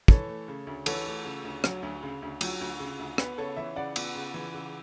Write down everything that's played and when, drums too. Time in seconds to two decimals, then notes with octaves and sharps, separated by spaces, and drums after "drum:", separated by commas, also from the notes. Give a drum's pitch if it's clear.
0.08 E3 A4 C#5, drum: kick
0.28 A3
0.48 C#3
0.67 D2
0.86 E3 A4 C#5, drum: cymbal
1.06 A3
1.25 C#3
1.44 D2
1.64 F#3, drum: rim click
1.83 D2
2.03 C#3
2.22 D2
2.41 F#3, drum: cymbal
2.61 D2
2.80 C#3
2.99 D2
3.18 B3 B4, drum: rim click
3.38 C#3 A4 C#5
3.56 E3 C#5 E5
3.76 C#3 D5 F#5
3.96 B3, drum: cymbal
4.15 C#3
4.34 E3
4.54 C#3